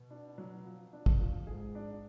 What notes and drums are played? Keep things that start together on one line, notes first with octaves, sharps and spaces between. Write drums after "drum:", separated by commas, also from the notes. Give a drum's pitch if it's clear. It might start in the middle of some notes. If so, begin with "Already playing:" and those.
Already playing: B2
D4
F#3
F3
D4
drum: kick
F3
G#2 G#4
D4